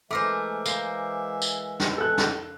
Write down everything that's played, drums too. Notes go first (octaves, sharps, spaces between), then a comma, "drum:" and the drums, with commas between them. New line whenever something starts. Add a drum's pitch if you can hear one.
E3 G#3 A3 A#4 C5 E5 D6
A#3 C5, drum: tambourine
drum: tambourine
drum: snare
A4 F#6
drum: snare